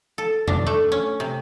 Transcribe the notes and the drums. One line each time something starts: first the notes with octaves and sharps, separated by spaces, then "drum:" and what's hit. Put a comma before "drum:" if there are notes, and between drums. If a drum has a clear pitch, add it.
A4
D4, drum: tom E2
A3
C#4
C3